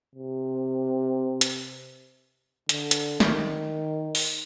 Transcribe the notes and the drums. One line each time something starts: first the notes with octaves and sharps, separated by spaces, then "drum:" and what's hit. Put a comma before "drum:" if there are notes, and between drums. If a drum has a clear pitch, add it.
C3
drum: hi-hat
D3, drum: hi-hat
drum: hi-hat
D#3, drum: snare
drum: open hi-hat